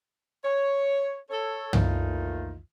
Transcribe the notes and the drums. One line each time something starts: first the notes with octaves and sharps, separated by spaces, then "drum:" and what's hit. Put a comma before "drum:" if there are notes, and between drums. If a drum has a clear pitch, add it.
C#5
A4 C#5
A#2 D#3 E3 A3 D#4 F4, drum: tom